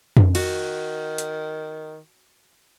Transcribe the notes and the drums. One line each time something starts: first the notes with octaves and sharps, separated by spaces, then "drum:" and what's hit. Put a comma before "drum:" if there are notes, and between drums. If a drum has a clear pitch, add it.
drum: tom F2
D#3 F#4, drum: cymbal
drum: hi-hat